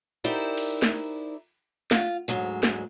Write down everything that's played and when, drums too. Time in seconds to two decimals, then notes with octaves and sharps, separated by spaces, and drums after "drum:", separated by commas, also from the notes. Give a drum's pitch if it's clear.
0.24 D#4 E4 G4 A#4 C5 D5
0.57 drum: cymbal
0.82 drum: snare
1.91 F4, drum: snare
2.28 D2 G#2 F#3 G#3
2.63 drum: snare